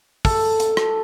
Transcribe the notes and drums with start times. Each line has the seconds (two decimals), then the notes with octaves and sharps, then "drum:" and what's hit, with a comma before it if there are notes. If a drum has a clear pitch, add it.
0.25 A4, drum: kick, open hi-hat
0.60 drum: hi-hat
0.77 drum: rim click